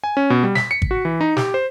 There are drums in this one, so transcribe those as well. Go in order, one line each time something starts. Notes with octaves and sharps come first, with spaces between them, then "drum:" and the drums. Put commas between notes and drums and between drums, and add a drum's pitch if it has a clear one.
G#5
C#4
B2
G3
B6, drum: snare
C#7
drum: kick
F#4
E3
D#4
G4, drum: snare
C5